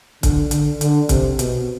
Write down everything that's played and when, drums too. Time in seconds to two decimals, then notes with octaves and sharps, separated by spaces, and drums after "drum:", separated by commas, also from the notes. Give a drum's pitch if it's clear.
0.23 D3, drum: kick, hi-hat
0.51 D3, drum: hi-hat
0.81 D3, drum: hi-hat
1.09 C3, drum: kick, hi-hat
1.39 B2, drum: hi-hat